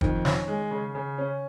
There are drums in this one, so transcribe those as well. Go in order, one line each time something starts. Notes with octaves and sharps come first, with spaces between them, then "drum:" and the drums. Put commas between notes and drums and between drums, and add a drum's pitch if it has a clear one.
F2 D#3, drum: kick
C#4, drum: snare
G#3
C#3
C#3
C#4